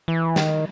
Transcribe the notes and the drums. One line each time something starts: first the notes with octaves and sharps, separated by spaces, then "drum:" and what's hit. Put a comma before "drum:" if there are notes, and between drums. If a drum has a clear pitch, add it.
E3
D#3, drum: snare